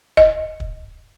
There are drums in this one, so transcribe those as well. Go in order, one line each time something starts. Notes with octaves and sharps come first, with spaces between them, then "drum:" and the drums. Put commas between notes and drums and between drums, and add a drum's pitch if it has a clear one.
D#5, drum: kick
drum: kick